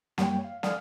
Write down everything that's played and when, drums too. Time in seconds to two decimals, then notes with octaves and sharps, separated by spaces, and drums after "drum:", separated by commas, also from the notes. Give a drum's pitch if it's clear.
0.18 F#2 G3 A#3 C#5 G5, drum: snare
0.44 F5
0.63 A4 D5 F5 G#5 D#6 F6, drum: snare